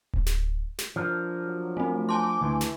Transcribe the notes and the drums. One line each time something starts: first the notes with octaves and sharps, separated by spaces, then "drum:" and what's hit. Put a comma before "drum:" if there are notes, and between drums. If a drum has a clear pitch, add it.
drum: kick D1
drum: snare
drum: snare
F3 D4 A#4
F#3
A3 C4
G#5 A5 C6 D6
D2 E3
drum: snare